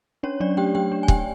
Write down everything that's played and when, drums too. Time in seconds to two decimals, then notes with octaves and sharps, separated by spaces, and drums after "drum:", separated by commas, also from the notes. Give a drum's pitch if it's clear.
0.23 C#4 D4 C#5
0.40 F#3 D4 D5
0.57 A3 G4 G5
0.75 F#3 G4 G5
0.92 D4
1.03 G#5
1.08 F#3 G4 G5, drum: kick